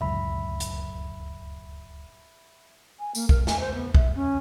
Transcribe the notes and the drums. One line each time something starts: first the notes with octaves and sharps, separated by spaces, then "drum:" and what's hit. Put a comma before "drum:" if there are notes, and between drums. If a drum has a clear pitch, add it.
D1 C#2 F#2 E5 B5
drum: hi-hat
G#5
A#3, drum: tambourine
A#4, drum: kick B1
G#5, drum: snare
C5
B3
E5, drum: kick B1
C#4